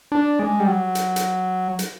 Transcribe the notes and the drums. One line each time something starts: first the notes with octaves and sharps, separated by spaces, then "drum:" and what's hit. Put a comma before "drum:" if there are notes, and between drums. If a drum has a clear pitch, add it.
D4
G#3
G3
F#3
drum: hi-hat
drum: hi-hat
drum: hi-hat